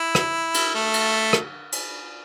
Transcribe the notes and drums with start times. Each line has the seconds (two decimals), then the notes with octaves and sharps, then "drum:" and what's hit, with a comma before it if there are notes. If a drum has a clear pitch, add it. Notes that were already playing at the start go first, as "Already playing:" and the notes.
Already playing: E4
0.15 drum: rim click
0.54 drum: cymbal
0.74 A3
0.94 drum: cymbal
1.33 drum: rim click
1.72 drum: cymbal